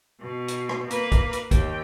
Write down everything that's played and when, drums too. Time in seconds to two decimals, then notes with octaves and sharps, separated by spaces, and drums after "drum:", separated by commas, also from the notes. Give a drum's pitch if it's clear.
0.20 B2
0.48 drum: hi-hat
0.69 drum: rim click
0.91 A#3 B4, drum: hi-hat
1.12 drum: kick, hi-hat
1.33 drum: hi-hat
1.51 D#2 G5, drum: kick, hi-hat